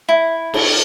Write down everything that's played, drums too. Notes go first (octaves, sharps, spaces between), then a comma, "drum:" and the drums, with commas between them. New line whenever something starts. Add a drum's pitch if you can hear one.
E4
drum: cymbal